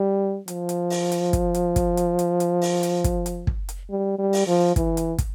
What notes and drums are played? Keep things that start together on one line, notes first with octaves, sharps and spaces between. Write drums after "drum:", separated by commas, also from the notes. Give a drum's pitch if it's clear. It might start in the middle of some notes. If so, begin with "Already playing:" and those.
Already playing: G3
F3, drum: hi-hat
drum: hi-hat
drum: open hi-hat
drum: hi-hat
drum: kick, hi-hat
drum: hi-hat
drum: kick, hi-hat
drum: hi-hat
drum: hi-hat
drum: hi-hat
drum: open hi-hat
drum: hi-hat
drum: kick, hi-hat
drum: hi-hat
drum: kick
drum: hi-hat
G3
G3
drum: open hi-hat
F3
E3, drum: kick, hi-hat
drum: hi-hat
drum: kick, hi-hat